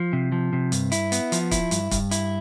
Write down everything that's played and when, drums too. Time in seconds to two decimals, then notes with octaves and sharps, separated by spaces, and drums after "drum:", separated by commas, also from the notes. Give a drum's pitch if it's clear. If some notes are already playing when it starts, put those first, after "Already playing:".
Already playing: F3
0.13 C3
0.32 F3
0.53 C3
0.72 G2, drum: hi-hat
0.92 E4, drum: hi-hat
1.12 B3, drum: hi-hat
1.32 F3, drum: hi-hat
1.51 E4, drum: kick, hi-hat
1.71 G2, drum: hi-hat
1.91 G2, drum: kick, hi-hat
2.11 E4, drum: hi-hat